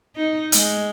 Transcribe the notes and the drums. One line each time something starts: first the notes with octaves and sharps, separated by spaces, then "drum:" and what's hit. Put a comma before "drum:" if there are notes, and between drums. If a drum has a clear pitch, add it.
D#4
G#3, drum: hi-hat